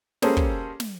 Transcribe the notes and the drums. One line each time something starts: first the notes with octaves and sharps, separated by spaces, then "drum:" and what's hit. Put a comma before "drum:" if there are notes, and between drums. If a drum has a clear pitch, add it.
G3 A#3 C#4 G#4 A4 C5, drum: snare
drum: kick
drum: snare